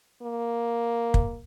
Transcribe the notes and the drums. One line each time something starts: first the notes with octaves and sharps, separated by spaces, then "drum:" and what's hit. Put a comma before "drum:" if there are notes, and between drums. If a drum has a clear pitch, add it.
A#3
drum: kick